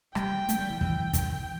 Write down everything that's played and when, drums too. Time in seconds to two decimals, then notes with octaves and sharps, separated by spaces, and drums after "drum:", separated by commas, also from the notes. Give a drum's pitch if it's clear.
0.15 G3 G5, drum: rim click
0.49 A3, drum: hi-hat
0.59 G3
0.70 E3
0.81 E3 G5, drum: kick
1.13 drum: kick, hi-hat